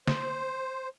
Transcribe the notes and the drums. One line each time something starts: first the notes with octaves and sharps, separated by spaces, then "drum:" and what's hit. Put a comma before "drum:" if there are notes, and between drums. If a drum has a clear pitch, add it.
C5, drum: snare